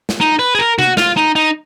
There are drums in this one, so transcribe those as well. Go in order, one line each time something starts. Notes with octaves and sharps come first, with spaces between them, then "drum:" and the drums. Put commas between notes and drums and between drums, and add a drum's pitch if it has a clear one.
drum: snare
D#4
B4
G#4
A#4
F#4, drum: tom C3
F4, drum: snare
D#4
D#4